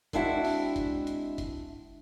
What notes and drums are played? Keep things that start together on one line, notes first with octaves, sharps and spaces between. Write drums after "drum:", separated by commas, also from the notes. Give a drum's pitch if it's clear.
G#3 C4 D4 E4 F#4 E5, drum: kick G1, hi-hat
drum: open hi-hat
drum: kick G1, hi-hat
drum: hi-hat
drum: kick G1, hi-hat